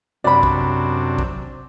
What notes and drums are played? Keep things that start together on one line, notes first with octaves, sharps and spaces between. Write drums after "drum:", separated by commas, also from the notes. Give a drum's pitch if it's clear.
F#2 C3 D4 D5 B5
drum: kick
drum: kick